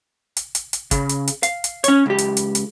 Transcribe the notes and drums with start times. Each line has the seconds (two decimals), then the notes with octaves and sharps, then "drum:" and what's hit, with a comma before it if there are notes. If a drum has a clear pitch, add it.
0.37 drum: hi-hat
0.55 drum: hi-hat
0.73 drum: hi-hat
0.91 C#3, drum: kick, hi-hat
1.09 drum: hi-hat
1.28 drum: hi-hat
1.43 F5, drum: hi-hat
1.64 drum: hi-hat
1.84 C#4 C#5, drum: hi-hat
2.06 C#2 G4
2.18 drum: hi-hat
2.37 drum: hi-hat
2.55 drum: hi-hat